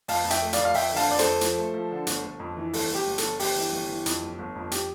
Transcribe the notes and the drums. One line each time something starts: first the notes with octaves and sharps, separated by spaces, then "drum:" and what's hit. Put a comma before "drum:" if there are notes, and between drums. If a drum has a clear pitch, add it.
F2 F5 A5, drum: open hi-hat
F2
E5 G5, drum: hi-hat
A3
D5 F5, drum: hi-hat
F2
F5
F2 E5 G5, drum: open hi-hat
D3
F5 A5, drum: open hi-hat
F2 D5
A4 C5, drum: hi-hat
F2
F3, drum: hi-hat
A3
F3
D3
G1, drum: hi-hat
G1
F2
E3
G1 A4, drum: open hi-hat
G1 G4
G1
A4, drum: hi-hat
G1
G1 G4, drum: open hi-hat
E3
G1
E3
F2, drum: hi-hat
G1
G1
F2
G4, drum: hi-hat